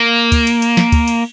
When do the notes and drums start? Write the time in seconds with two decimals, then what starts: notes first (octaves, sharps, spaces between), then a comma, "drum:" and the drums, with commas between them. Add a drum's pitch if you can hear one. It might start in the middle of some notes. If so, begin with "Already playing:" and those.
Already playing: A#3
0.32 drum: kick, cymbal
0.47 drum: cymbal
0.62 drum: cymbal
0.77 drum: snare
0.92 drum: kick, cymbal
1.08 drum: cymbal